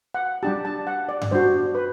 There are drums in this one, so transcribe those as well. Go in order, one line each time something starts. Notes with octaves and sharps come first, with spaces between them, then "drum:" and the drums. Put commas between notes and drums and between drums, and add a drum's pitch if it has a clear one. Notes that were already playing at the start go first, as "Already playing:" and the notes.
F#5
G3 D4 G4 A5
A5
F#5
D5
drum: tom G2
G3 D4 F#4 C5
B4